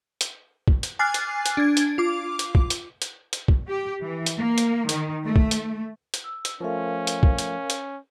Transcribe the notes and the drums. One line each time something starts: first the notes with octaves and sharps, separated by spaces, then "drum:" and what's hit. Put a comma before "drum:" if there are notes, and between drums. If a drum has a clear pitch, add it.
drum: hi-hat
drum: kick
drum: hi-hat
G#5 D6 F6 F#6 A6 C7
drum: hi-hat
drum: hi-hat
D4 G#6
drum: hi-hat
F4 D6
drum: hi-hat
drum: kick
drum: hi-hat
drum: hi-hat
drum: hi-hat
drum: kick
G4
E3
drum: hi-hat
A#3
drum: hi-hat
D#3, drum: hi-hat
A3
drum: kick
drum: hi-hat
drum: hi-hat
E6
drum: hi-hat
F3 A3 C#4 A#4 F5
drum: hi-hat
drum: kick
drum: hi-hat
drum: hi-hat